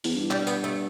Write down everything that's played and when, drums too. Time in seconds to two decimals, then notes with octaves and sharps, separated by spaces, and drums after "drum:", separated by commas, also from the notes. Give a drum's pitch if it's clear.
0.04 E2, drum: open hi-hat
0.15 G2
0.31 G3, drum: clap
0.47 B3, drum: tambourine
0.64 A3